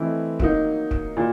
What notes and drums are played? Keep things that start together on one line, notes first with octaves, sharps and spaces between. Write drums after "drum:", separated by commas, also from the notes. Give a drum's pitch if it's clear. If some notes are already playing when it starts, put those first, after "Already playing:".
Already playing: E3 A3 C4 E4 D#5
F#3 A#3 D#4, drum: kick
drum: kick
A#2